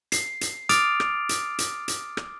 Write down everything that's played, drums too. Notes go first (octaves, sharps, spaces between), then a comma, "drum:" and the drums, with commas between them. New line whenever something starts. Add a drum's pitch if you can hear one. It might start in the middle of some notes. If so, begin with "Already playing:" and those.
C7, drum: hi-hat
drum: hi-hat
D6 D#6 F6 A6 D7 F7, drum: hi-hat
drum: rim click
drum: hi-hat
drum: hi-hat
drum: hi-hat
drum: rim click